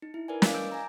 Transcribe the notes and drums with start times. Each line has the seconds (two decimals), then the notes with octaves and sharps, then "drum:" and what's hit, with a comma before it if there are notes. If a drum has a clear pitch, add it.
0.02 D#4
0.14 E4
0.28 A#4 B4 D5 G#5
0.42 D#5 F5 D6, drum: snare
0.54 D6 E6 G6 D7
0.70 G#5 A#5 E6